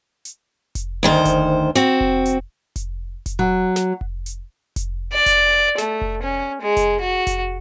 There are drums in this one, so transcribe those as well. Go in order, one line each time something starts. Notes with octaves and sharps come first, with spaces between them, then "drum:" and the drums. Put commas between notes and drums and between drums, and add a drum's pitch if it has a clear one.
drum: hi-hat
drum: kick F1, hi-hat
D2 D#3 C5
drum: kick F1, hi-hat
C4 F#4, drum: snare
drum: kick F1
drum: hi-hat
drum: kick F1, hi-hat
drum: kick F1, hi-hat
F#3
drum: snare
drum: kick F1
drum: hi-hat
drum: kick F1, hi-hat
D5
drum: kick F1, hi-hat
A3, drum: snare
drum: kick F1
C#4
G#3
drum: kick F1, hi-hat
F#4
drum: kick F1, hi-hat